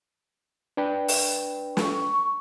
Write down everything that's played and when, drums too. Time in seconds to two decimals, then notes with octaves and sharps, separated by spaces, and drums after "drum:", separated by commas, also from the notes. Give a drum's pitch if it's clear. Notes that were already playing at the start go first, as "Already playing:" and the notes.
0.77 D4 B4 G5
1.08 drum: open hi-hat
1.77 C#6, drum: snare